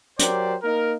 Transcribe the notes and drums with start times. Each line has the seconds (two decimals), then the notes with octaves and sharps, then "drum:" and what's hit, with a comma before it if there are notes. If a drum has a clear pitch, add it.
0.19 F#3 G4 A#4 C5 D5, drum: hi-hat
0.64 A#3 D#4 A#4